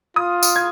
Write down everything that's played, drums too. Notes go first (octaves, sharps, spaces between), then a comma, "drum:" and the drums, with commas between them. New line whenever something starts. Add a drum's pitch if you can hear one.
F4 D#6
drum: tambourine
G#6